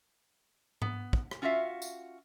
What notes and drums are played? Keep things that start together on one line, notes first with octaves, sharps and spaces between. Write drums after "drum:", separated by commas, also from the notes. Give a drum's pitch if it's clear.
B3, drum: tom G#2
drum: kick
drum: rim click
C#4 F4 F#4 G#4 E5 F5
drum: tambourine